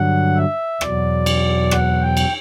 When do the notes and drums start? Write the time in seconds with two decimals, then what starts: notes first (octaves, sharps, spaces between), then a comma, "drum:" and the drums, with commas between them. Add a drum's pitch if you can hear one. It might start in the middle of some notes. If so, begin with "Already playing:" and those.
Already playing: G2 D3 F#3 F#5
0.36 E5
0.81 E2 B2 F#3 D5, drum: rim click
1.26 drum: cymbal
1.71 F#5, drum: rim click
2.02 G5
2.17 drum: cymbal